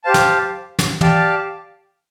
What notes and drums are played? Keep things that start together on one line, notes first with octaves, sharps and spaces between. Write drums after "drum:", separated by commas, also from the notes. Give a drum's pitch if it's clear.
G4 C5 F5 A5
drum: snare
drum: snare
G4 D5 F5 A5, drum: tom